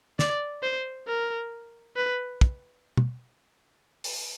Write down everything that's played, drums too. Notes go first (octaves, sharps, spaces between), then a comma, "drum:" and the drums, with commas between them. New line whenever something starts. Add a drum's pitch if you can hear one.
D5, drum: snare
C5
A#4
B4
drum: kick
drum: tom
drum: open hi-hat